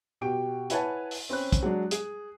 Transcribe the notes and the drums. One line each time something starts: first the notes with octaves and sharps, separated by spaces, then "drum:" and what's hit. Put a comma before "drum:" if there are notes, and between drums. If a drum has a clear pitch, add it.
B2 G4 G5 D7
E4 B4 C#5 F#5 G#5 A5, drum: hi-hat
drum: open hi-hat
C4 C#4 B5 F#6
drum: kick, hi-hat
F#3 G#3 D4
G#4, drum: hi-hat